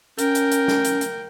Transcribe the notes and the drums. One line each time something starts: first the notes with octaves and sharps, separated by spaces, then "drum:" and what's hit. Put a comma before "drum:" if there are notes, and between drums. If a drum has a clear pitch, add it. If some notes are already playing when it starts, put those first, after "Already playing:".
C#4 A#4 G5, drum: hi-hat
drum: hi-hat
drum: hi-hat
drum: snare
drum: hi-hat
drum: hi-hat